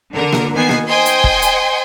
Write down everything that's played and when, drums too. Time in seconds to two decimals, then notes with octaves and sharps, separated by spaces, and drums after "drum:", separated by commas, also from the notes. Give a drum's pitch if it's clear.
0.14 D3 A#4
0.33 drum: snare A#3
0.54 D#3 B3 G#5 C7
0.69 drum: snare A#3
0.87 C5 D#5 G5 G#5 C6 G6
1.06 drum: hi-hat
1.24 drum: kick
1.42 drum: hi-hat